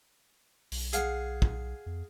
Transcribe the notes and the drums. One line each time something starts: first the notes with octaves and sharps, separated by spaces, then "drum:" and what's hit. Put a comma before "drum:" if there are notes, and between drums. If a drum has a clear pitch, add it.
B1, drum: open hi-hat
G#4 F5 F#5, drum: hi-hat
drum: kick
F2